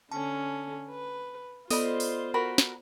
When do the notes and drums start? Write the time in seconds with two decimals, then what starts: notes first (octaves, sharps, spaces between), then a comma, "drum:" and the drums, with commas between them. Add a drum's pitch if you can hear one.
0.12 D3 C#4 A5
0.91 B4
1.71 B3 F4 A4 C5 D5 D#5 B5, drum: open hi-hat
2.00 drum: open hi-hat
2.34 F#4 A#4 B5
2.58 drum: snare